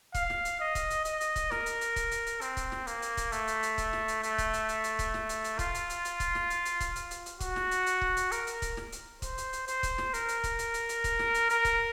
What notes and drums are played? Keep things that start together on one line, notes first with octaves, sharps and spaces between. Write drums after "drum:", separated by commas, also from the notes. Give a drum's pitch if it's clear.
F5, drum: kick, hi-hat
drum: snare
drum: hi-hat
D#5
drum: kick, hi-hat
drum: hi-hat
D#5, drum: hi-hat
drum: hi-hat
drum: kick, hi-hat
A#4, drum: snare
drum: hi-hat
drum: hi-hat
drum: kick, hi-hat
drum: hi-hat
drum: hi-hat
C4, drum: hi-hat
drum: kick, hi-hat
drum: snare
A#3, drum: hi-hat
drum: hi-hat
drum: kick, hi-hat
A3, drum: hi-hat
drum: hi-hat
drum: hi-hat
drum: kick, hi-hat
drum: snare
drum: hi-hat
A3, drum: hi-hat
drum: kick, hi-hat
drum: hi-hat
drum: hi-hat
drum: hi-hat
drum: kick, hi-hat
drum: snare
drum: hi-hat
drum: hi-hat
F4, drum: kick, hi-hat
drum: hi-hat
drum: hi-hat
drum: hi-hat
drum: kick, hi-hat
drum: snare
drum: hi-hat
drum: hi-hat
drum: kick, hi-hat
drum: hi-hat
drum: hi-hat
drum: hi-hat
F#4, drum: kick, hi-hat
drum: snare
drum: hi-hat
drum: hi-hat
drum: kick
drum: hi-hat
A#4, drum: hi-hat
drum: hi-hat
drum: kick, hi-hat
drum: snare
drum: hi-hat
C5, drum: kick, hi-hat
drum: hi-hat
drum: hi-hat
C5, drum: hi-hat
drum: kick, hi-hat
drum: snare
A#4, drum: hi-hat
drum: hi-hat
drum: kick, hi-hat
drum: hi-hat
drum: hi-hat
drum: hi-hat
drum: kick, hi-hat
drum: snare
drum: hi-hat
A#4, drum: hi-hat
drum: kick, hi-hat